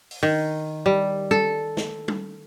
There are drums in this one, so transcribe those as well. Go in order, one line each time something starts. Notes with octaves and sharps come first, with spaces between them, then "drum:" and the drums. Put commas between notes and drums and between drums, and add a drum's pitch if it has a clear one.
drum: open hi-hat
D#3
G3
A4, drum: tom
drum: snare
drum: tom